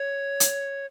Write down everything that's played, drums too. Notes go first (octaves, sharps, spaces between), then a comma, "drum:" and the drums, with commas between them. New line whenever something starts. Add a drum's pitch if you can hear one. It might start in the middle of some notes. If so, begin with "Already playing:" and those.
Already playing: C#5
drum: hi-hat